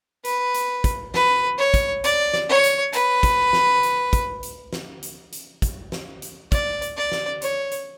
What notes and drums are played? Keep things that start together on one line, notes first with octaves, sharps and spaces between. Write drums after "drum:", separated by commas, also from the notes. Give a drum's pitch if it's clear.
B4, drum: hi-hat
drum: hi-hat
drum: kick, hi-hat
B4, drum: snare
C#5
drum: kick, hi-hat
D5, drum: hi-hat
drum: snare
C#5
drum: hi-hat
B4, drum: hi-hat
drum: kick, hi-hat
drum: snare
drum: hi-hat
drum: kick, hi-hat
drum: hi-hat
drum: snare
drum: hi-hat
drum: hi-hat
drum: kick, hi-hat
drum: snare
drum: hi-hat
D5, drum: kick, hi-hat
drum: hi-hat
D5
drum: snare
C#5, drum: hi-hat
drum: hi-hat